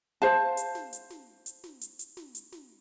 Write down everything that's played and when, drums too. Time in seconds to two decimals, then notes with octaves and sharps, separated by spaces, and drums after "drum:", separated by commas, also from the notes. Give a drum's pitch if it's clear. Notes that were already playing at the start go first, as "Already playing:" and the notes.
0.22 C5 F5 A5, drum: snare
0.57 drum: hi-hat
0.75 drum: snare
0.93 drum: hi-hat
1.10 drum: snare
1.46 drum: hi-hat
1.64 drum: snare
1.81 drum: hi-hat
1.99 drum: hi-hat
2.17 drum: snare
2.35 drum: hi-hat
2.52 drum: snare